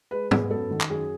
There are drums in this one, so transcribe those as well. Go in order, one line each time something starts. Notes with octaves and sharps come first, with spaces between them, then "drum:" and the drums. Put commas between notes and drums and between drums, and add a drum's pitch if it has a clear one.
G#3 B4
B3 G#4, drum: tom G#2
F#2 A4
D#3
drum: clap
F#2 G#4